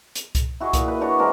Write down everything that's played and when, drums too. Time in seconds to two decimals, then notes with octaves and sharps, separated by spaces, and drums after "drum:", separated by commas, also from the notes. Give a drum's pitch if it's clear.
0.15 drum: hi-hat
0.35 drum: kick C2, hi-hat
0.60 E4 F#4 G#4 D#5
0.73 A#2, drum: kick C2, hi-hat
0.88 B4
1.01 D4 F#4 C#5
1.19 C3 E3 G#3 A#4